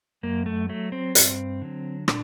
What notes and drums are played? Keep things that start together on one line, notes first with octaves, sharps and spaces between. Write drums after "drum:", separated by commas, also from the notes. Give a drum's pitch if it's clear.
F#2 A#3
A3
F#3 A3
C4
G2, drum: hi-hat
D3 F#3
A#2 D4, drum: rim click